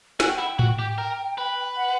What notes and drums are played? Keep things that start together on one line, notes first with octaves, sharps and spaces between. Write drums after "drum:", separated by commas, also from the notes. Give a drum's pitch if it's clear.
F#4 G#5, drum: snare
G5
E4 F#5
G5
F#4, drum: tom A2
G4
A#4
B4
F#5